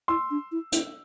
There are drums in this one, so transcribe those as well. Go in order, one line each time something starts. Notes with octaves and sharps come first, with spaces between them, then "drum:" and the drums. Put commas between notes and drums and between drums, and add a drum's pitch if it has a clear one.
E4 C6 E6
D4
E4
E4, drum: hi-hat